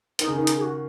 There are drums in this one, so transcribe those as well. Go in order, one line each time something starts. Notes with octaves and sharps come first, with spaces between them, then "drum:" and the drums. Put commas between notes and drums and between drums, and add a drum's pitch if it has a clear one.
D#3 D#4, drum: hi-hat
C#3
D#3 D#4
drum: hi-hat
G#4
F#4